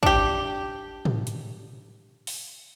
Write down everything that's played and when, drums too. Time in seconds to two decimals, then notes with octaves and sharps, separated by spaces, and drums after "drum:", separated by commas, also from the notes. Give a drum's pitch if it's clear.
0.03 D4 G4, drum: kick
1.05 drum: tom
1.27 drum: hi-hat
2.27 drum: open hi-hat